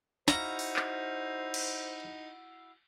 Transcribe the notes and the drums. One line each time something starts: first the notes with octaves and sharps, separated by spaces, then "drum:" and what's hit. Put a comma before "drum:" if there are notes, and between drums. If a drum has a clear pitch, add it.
D#4 E4 F#4 C5 F5 A#5, drum: snare
drum: open hi-hat
drum: clap
drum: cymbal